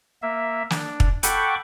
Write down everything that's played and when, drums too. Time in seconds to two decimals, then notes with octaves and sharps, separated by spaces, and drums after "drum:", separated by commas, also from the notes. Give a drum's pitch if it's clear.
0.22 A#3 E5
0.70 D4, drum: snare
1.00 drum: kick
1.23 A4 F#5 G5 B5 C#6 D6, drum: hi-hat